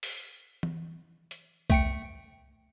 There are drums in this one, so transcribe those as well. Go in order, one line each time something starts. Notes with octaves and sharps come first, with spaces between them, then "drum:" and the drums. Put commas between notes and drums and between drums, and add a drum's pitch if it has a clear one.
drum: open hi-hat
drum: tom E3
drum: hi-hat
A3 G5 C#7, drum: kick